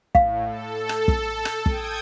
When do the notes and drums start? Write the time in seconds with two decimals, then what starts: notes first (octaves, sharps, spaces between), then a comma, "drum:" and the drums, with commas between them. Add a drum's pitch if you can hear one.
0.15 A2 F5, drum: kick
0.46 A4
0.89 drum: rim click
1.08 drum: kick
1.45 drum: rim click
1.66 G5 D#6 G#6, drum: kick